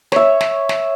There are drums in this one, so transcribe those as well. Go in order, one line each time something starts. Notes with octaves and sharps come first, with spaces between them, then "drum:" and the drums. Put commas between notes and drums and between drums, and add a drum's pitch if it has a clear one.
C#5 E5, drum: snare
drum: snare
drum: snare